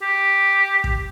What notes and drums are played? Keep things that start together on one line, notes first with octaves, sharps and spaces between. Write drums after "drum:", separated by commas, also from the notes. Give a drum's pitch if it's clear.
G4
drum: kick